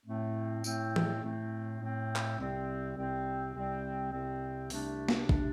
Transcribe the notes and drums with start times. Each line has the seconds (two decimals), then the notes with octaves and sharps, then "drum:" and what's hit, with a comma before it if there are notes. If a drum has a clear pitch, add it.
0.06 A2 A3 C4
0.64 A2 A3 C4, drum: tambourine
0.96 drum: tom E3
1.22 A2 A3 C4
1.80 A2 A3 C4
2.16 drum: clap
2.38 C2 C3 G3 C4
2.96 C2 C3 G3 C4
3.54 C2 C3 G3 C4
4.12 C2 C3 G3 C4
4.70 C2 C3 A3 D4, drum: open hi-hat
5.08 drum: snare
5.29 C3 A3 D4, drum: kick